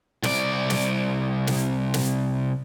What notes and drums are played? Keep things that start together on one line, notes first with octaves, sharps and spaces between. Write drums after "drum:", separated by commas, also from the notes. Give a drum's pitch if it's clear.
C2 D5, drum: snare
drum: snare
drum: snare
drum: snare